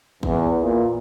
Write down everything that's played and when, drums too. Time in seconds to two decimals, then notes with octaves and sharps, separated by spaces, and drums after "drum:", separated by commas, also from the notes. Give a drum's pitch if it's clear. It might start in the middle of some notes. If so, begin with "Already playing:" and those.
0.23 E2, drum: kick
0.61 A#2